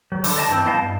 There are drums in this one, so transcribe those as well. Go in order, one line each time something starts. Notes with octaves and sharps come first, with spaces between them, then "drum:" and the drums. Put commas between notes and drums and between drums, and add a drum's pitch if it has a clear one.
F#3
D3, drum: open hi-hat
D5 D#5 A5
G2 E3 C4
B3 E4 D#5 F5 A5
G2